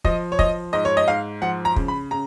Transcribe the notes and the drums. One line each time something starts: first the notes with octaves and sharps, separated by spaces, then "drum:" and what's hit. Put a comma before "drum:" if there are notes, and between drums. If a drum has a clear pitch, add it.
F3 D#5, drum: kick
C#5
F3 D#5, drum: kick
G#2 D#5
C#5
D#5
G#2 F5
F3 F#5
A#5
C#3, drum: kick
B5
C#3 A#5